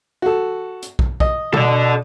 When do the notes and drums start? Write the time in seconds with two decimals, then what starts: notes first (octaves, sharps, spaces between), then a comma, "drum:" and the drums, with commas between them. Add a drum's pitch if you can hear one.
0.22 F#4 A4
0.82 drum: hi-hat
0.99 drum: kick
1.20 D#5, drum: kick
1.53 B2 A4 D5, drum: tom C3